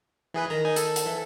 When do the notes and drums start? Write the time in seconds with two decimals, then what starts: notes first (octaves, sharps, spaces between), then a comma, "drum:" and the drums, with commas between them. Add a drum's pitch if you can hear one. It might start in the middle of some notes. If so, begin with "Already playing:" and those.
0.34 E3 G#4 B4
0.50 D#3 A#5
0.65 D#4 G#5
0.76 A4, drum: hi-hat
0.96 drum: hi-hat
1.06 E3